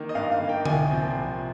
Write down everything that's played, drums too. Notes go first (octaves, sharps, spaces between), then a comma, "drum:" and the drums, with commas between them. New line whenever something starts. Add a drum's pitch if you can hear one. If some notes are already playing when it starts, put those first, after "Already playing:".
Already playing: D#3 A#3
D#5
G2 F5
F5
D#3 A#3
G5
C2 G#5, drum: tom D3
A#2 F3 C4
C2